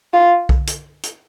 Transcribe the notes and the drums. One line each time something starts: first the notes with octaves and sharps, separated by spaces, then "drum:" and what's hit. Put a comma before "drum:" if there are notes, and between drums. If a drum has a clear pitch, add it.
F4
drum: kick B1
drum: hi-hat
drum: hi-hat